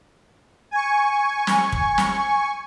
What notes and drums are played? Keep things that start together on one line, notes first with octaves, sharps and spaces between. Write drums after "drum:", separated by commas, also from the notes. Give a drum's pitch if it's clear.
G#5 C#6
drum: snare
drum: kick
drum: snare